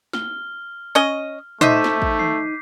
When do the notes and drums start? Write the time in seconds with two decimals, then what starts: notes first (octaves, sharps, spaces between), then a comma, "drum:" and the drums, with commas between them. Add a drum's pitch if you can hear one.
0.13 F6 G7, drum: snare
0.95 C#4 D#5
1.61 A3 D#4 C5 D#5 E5 D6 G6 B6, drum: tom
1.84 drum: snare
2.02 drum: kick A1
2.19 C7, drum: tom